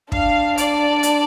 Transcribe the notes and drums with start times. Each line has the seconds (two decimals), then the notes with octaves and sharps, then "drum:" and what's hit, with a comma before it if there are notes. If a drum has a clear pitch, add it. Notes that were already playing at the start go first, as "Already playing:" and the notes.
0.12 D4 F5, drum: kick
0.58 D5, drum: hi-hat
1.03 drum: hi-hat